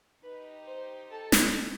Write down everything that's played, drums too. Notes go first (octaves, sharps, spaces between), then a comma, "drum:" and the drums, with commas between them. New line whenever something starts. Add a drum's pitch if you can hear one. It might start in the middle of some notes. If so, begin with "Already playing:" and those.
D#4 G4 B4
C5
A4 A5
drum: snare